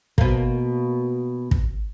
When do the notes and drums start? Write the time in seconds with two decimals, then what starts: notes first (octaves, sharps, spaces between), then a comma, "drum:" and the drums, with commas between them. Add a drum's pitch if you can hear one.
0.18 B2 A#3, drum: kick
1.51 drum: kick